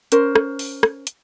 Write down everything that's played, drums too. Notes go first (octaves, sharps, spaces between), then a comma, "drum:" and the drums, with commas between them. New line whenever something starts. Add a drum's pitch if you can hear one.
C#4 A#4 C5, drum: hi-hat
drum: rim click
drum: open hi-hat
drum: rim click
drum: hi-hat